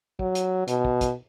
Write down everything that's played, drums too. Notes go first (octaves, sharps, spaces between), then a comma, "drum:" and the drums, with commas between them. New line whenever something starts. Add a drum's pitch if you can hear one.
F#3, drum: kick
drum: hi-hat
B2, drum: hi-hat
drum: kick
drum: kick, hi-hat